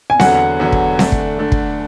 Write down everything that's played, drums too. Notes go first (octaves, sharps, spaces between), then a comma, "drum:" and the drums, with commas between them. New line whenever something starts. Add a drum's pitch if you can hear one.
G#5
E2 D3 F#3 F#5, drum: snare C4
E2 D3 F#3
drum: kick
D3 A3 D4, drum: snare C4
drum: kick
D3 A3 D4
drum: kick